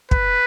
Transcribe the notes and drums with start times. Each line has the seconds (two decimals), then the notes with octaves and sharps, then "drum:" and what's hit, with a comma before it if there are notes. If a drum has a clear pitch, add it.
0.11 B4, drum: kick